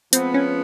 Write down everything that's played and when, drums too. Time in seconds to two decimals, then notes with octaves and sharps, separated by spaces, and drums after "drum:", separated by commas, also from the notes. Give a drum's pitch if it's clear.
0.13 F3 G#3 B3 C4, drum: hi-hat
0.34 C#4